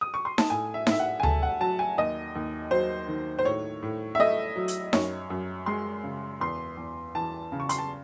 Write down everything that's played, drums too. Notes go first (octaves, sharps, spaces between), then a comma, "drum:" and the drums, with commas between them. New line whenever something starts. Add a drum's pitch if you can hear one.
D#6
C#6
C6
A5, drum: snare D#4
A2 G#5
E5
A2 E5, drum: snare D#4
F#5
G#5
A3 A5, drum: tom D2
F#5
F#3 A5
G#5
D#2 D#5
D#2
F#3 C5
D#3
C5
A2 C#5
A2
E5
A3 D#5
F#3
drum: hi-hat
F#2 C#5, drum: snare D#4
F#2
G#3 C6
C#3
E2 C6
E2
E3 A5
C#3
C#6
C6, drum: hi-hat
A5